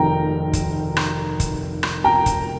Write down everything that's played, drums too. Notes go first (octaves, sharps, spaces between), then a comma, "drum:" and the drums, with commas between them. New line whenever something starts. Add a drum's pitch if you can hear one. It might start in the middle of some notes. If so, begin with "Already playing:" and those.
Already playing: F1 C3 D#3 G5 A#5
drum: kick, hi-hat
drum: rim click
drum: kick, hi-hat
drum: rim click
G5 A#5
drum: kick, hi-hat